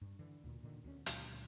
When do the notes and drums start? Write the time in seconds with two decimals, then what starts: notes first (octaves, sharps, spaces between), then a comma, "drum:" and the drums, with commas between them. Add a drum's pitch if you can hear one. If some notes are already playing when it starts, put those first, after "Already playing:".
0.01 G2
0.19 D3 E3
0.44 D2 A#2
0.63 A#2 D3 D#3
0.84 D2 C4 C#4
1.06 C#2 A#2 D3 F#3, drum: hi-hat